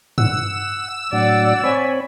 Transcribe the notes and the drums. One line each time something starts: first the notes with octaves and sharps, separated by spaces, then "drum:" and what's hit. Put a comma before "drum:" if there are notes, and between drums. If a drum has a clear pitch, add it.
F#5 E6, drum: tom G2
A2 F#3 D4 D5 F#5
C4 C#5 G#5 B5